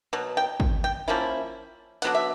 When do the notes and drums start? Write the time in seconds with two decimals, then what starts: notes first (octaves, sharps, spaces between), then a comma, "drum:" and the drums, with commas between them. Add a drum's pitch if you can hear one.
0.13 B2 F#3
0.37 G5
0.60 drum: kick
0.84 G5
1.08 F3 A#3 C#4 E4
2.02 D3 F#3 B3 F#5, drum: hi-hat
2.15 E5